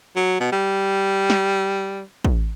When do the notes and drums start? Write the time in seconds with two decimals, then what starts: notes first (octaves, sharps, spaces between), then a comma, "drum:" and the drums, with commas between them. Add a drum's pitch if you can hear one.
0.16 F#3
0.40 B2
0.52 G3
1.30 drum: snare
2.25 drum: kick